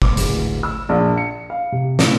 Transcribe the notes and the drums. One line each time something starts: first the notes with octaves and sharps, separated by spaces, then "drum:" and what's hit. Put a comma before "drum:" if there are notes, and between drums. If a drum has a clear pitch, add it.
D6, drum: kick
D1, drum: hi-hat
E6
A#1
C#7
F5
C3
A2, drum: snare